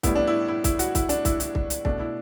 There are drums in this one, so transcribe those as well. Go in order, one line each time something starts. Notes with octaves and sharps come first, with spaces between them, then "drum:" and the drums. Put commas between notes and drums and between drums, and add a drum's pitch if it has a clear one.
A2 G3 B3 E4, drum: kick C2, hi-hat
D4
E4
E4
E4, drum: kick C2, hi-hat
F#4, drum: hi-hat
E4, drum: kick C2, hi-hat
D4, drum: hi-hat
E4, drum: kick C2, hi-hat
E4, drum: hi-hat
drum: kick C2
drum: hi-hat
B2 A3 D4, drum: kick C2
E4